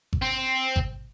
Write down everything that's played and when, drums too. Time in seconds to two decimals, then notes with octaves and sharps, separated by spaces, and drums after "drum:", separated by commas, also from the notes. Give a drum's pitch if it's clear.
0.13 drum: kick G#1
0.22 C4
0.76 drum: kick G#1